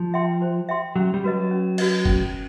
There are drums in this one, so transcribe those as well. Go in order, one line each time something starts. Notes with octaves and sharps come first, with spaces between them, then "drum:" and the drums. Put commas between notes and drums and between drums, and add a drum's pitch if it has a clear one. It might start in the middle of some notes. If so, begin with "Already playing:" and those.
Already playing: F3
E5 G5 C6
C5
E5 G5 C6
F#3 C#4
G3
F#3 F#4 B4 D#5
C#4
F#4 B4 D#5, drum: cymbal
C#4, drum: kick F#1